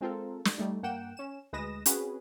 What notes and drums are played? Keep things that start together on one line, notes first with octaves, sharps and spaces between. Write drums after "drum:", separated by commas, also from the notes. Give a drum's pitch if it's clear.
G#3 C4 F4 A4 A#4
drum: snare
G3 A3 D#4
G2 A#3 F#5 G5 E7
C#4 E7
D2 G#3 B4 D#6 A#6 E7
C4 C#4 F#4 G#4 B4, drum: hi-hat